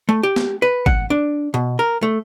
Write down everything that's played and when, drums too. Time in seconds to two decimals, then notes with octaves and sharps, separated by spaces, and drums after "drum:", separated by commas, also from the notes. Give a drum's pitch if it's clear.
0.09 A3
0.23 G4
0.36 drum: snare
0.62 B4
0.86 F#5, drum: kick
1.10 D4
1.54 B2
1.79 A#4
2.03 A3